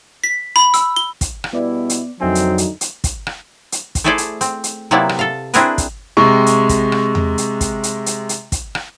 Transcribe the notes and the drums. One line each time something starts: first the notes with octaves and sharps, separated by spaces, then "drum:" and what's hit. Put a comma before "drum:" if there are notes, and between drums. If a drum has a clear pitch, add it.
B6
B5
E6, drum: hi-hat
G7
drum: kick, hi-hat
drum: rim click
B2 G3 B3 E4 D5
drum: hi-hat
G#1 F2 D3 F#3 C4 D#4 E5 G#5
drum: hi-hat
drum: hi-hat
drum: hi-hat
drum: kick, hi-hat
drum: rim click
drum: hi-hat
drum: kick, hi-hat
A3 E4 G#4 A4 C5 D5
drum: hi-hat
C4, drum: hi-hat
drum: hi-hat
C3 F#3 A#3 B3 E4 D5
drum: rim click
A4 F5
C4 D4 E4 G#4 A#4 B4, drum: hi-hat
drum: kick, hi-hat
C3 G#3 C#6
drum: hi-hat
drum: kick, hi-hat
drum: rim click
drum: tom E2
drum: hi-hat
drum: kick, hi-hat
drum: hi-hat
drum: hi-hat
drum: hi-hat
drum: kick, hi-hat
drum: rim click